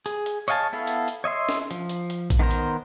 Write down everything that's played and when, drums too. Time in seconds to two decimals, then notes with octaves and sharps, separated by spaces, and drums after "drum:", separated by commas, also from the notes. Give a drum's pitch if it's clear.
0.06 G#4, drum: hi-hat
0.26 drum: hi-hat
0.48 C#5 D#5 F5 G#5 A5, drum: hi-hat
0.73 B3 E4 A4 F5
0.87 drum: hi-hat
1.08 drum: hi-hat
1.24 C#5 D#5 E5 C6
1.49 drum: snare
1.71 F3, drum: hi-hat
1.89 drum: hi-hat
2.10 drum: hi-hat
2.30 drum: kick A#1, hi-hat
2.39 D#3 B3 A#4 C5 A#5
2.51 drum: hi-hat